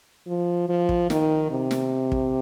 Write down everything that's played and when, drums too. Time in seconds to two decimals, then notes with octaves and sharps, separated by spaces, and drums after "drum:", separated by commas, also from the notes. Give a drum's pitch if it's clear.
0.28 F3
0.69 F3
0.89 drum: kick
1.10 D#3, drum: snare
1.51 C3
1.71 drum: snare
2.12 drum: kick